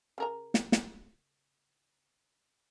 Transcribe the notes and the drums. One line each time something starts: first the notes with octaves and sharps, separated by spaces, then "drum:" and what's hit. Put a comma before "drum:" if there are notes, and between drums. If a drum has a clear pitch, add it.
C#3 A#4 A#5
drum: snare
drum: snare